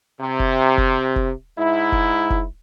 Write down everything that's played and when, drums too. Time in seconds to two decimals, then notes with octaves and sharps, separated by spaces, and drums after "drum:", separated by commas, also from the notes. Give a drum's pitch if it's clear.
0.20 C3
0.40 drum: kick F1
0.78 drum: kick F1
1.16 drum: kick F1
1.59 G#2 E4
1.92 drum: kick F1
2.30 drum: kick F1